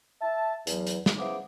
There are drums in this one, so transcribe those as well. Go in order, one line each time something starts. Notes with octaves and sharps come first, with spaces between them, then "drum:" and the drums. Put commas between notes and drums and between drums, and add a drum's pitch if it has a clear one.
E5 A5
E2 F#3, drum: hi-hat
drum: hi-hat
drum: snare
C#3 B3 E4 G#4 C5 D6